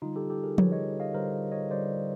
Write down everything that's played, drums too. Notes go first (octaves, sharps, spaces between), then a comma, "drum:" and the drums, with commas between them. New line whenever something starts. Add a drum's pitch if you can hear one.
D3 G3 D#4 F4
G4 A4
G4 A4
G#4 A#4
D3 G3 B4 C#5, drum: tom F3
C#5 D#5
D#5 F5
D3 G3 A#4 C5
C#5 D#5
D3 G3 C5 D5